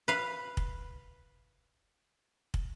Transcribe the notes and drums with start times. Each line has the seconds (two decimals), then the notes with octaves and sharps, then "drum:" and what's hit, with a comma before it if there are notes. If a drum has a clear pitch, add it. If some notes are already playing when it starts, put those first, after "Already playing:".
0.08 B4 F5
0.57 drum: kick
2.54 drum: kick